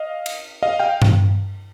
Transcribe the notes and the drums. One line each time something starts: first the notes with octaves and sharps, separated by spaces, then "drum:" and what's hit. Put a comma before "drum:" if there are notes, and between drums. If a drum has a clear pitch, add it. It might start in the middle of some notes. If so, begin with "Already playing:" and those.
Already playing: D#5 F5
drum: cymbal
D#5 F5
F5 G5
drum: tom G2